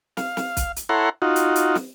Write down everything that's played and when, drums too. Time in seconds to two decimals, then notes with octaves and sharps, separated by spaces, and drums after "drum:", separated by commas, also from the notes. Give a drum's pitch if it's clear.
0.17 F5, drum: snare
0.37 drum: snare
0.57 drum: kick, hi-hat
0.76 drum: hi-hat
0.89 E4 A4 C#5 F#5 A#5 C6
1.22 D#4 F4 F#4
1.36 drum: hi-hat
1.56 drum: hi-hat
1.75 drum: snare